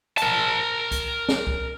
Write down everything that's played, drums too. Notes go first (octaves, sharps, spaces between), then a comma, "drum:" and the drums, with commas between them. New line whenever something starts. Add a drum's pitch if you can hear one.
A#4 A5, drum: hi-hat
drum: kick C2, hi-hat
drum: snare
drum: kick C2